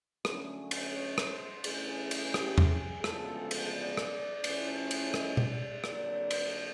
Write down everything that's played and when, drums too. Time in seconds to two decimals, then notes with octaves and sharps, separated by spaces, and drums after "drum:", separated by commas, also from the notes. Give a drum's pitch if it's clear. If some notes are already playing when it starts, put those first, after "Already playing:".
0.25 D3 F#3 A3 C#4, drum: rim click
0.71 drum: cymbal
0.94 C#5
1.18 drum: rim click
1.29 C5
1.64 G2 E3 A3 C#4 G#4, drum: cymbal
2.11 drum: cymbal
2.34 G4, drum: rim click
2.58 drum: tom E2
2.69 G#4
3.04 D2 C#3 F3 G#3 B3 A4, drum: rim click
3.51 drum: cymbal
3.74 D5
3.97 drum: rim click
4.44 A2 F3 A3 C#4, drum: cymbal
4.91 drum: cymbal
5.14 D#5, drum: rim click
5.37 drum: tom B2
5.49 D5
5.84 F2 D3 F#3 A#3 D5, drum: rim click
6.31 drum: cymbal